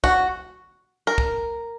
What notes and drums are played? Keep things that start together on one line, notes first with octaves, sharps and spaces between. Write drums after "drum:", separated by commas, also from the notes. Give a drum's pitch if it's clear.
F#4, drum: kick
A#4
drum: kick